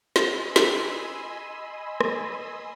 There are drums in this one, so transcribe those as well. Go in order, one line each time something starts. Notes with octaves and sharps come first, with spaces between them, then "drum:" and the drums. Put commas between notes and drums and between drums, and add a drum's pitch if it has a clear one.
D#5 G#5 B5 C6 D#6 E6, drum: snare
drum: snare
drum: rim click